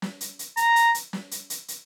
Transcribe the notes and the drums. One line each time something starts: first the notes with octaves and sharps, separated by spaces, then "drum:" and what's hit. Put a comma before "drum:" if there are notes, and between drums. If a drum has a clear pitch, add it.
drum: snare
drum: hi-hat
drum: hi-hat
A#5, drum: hi-hat
drum: hi-hat
drum: hi-hat
drum: snare
drum: hi-hat
drum: hi-hat
drum: hi-hat